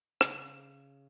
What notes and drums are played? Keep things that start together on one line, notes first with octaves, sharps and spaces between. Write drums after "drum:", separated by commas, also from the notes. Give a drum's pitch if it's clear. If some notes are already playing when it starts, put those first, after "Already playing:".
C#3, drum: rim click